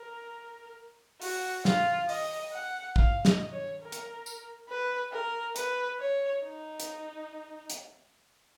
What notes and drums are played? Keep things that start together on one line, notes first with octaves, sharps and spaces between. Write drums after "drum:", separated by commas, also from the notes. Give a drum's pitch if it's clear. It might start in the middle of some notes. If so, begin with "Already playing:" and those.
Already playing: A#4
F#4, drum: open hi-hat
F4, drum: snare
D#5, drum: open hi-hat
F#5
F5, drum: kick
D#5, drum: snare
C#5
A#4
drum: hi-hat
drum: tambourine
B4
A#4
B4, drum: hi-hat
C#5
D#4
drum: hi-hat
drum: hi-hat